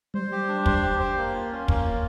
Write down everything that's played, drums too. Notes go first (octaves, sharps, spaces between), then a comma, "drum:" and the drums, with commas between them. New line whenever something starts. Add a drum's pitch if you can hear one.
G3 C5
G4
D4
C5, drum: kick
G4
C5
A#3
F4
C#4
A#3, drum: kick
F4